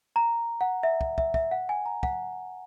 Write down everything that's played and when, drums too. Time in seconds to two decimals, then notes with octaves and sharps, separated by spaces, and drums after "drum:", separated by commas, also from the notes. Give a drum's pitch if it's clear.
0.16 A#5
0.61 F#5
0.83 E5
1.01 drum: kick
1.18 E5, drum: kick
1.34 E5, drum: kick
1.51 F#5
1.69 G#5
1.86 A#5
2.03 F#5, drum: kick